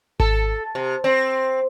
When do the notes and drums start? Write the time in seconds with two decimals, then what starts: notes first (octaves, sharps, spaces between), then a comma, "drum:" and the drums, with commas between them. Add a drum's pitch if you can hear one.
0.20 A4, drum: kick G#1
0.75 C3
1.04 C4